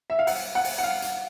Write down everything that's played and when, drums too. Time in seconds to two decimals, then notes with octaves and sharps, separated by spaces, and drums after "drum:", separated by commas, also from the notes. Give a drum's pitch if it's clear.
0.10 E5
0.19 F5
0.27 F#5, drum: open hi-hat
0.55 F#5
0.64 drum: open hi-hat
0.78 F#5
0.84 F5
1.02 drum: hi-hat